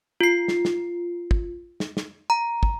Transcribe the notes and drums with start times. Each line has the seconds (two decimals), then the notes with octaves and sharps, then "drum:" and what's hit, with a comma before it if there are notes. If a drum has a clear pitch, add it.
0.21 F4 C7
0.48 drum: snare
0.65 drum: snare
1.31 drum: kick
1.80 drum: snare
1.97 drum: snare
2.30 A#5
2.63 drum: kick